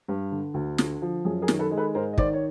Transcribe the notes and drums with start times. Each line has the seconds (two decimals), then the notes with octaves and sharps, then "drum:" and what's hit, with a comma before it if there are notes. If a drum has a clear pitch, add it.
0.08 G2
0.32 D3
0.54 D2
0.78 D3, drum: snare
1.02 F3
1.25 F#2 G#4
1.42 G#4 A#4
1.48 D#3, drum: snare
1.59 A4 B4
1.71 G#3
1.77 A4 B4
1.95 G#2 A#4 C5
2.13 D#5
2.18 D#3 C5 D5, drum: kick
2.33 C#5